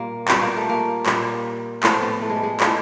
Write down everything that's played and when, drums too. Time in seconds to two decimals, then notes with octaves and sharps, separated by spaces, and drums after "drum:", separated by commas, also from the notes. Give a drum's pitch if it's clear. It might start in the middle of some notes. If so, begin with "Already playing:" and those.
Already playing: A#2 G3 A#3
0.28 A#2 G3 B3, drum: clap
0.42 A#3
0.56 A3
0.69 A#3
1.06 A#2 G3, drum: clap
1.83 A2 F3 B3, drum: clap
1.92 C4
2.00 B3
2.22 A3
2.30 G#3
2.37 G3
2.43 G#3
2.60 A2 F3 G#3, drum: clap